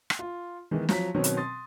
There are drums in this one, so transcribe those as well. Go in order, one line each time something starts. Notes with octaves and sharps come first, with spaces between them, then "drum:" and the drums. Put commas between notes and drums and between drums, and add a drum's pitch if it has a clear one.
drum: rim click
F4
D#3 E3 G#3 B3
F3 F#3 A#5 B6, drum: snare
B2 D#3 F#3 C4 C#4
drum: hi-hat
C6 D#6 A6